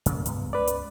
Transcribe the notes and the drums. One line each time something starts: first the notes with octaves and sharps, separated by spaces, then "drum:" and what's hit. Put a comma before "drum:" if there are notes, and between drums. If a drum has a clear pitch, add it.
F#2 C#3 A#3, drum: hi-hat
C#2 G2 B3, drum: hi-hat
C#2 B4 D5
drum: hi-hat